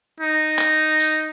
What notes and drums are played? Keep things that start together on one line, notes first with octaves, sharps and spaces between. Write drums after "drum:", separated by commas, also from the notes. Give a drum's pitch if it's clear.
D#4
drum: clap
drum: tambourine